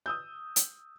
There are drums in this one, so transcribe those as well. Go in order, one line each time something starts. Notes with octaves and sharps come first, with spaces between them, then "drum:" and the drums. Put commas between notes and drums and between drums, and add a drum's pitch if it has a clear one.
D#6 E6 G6
drum: hi-hat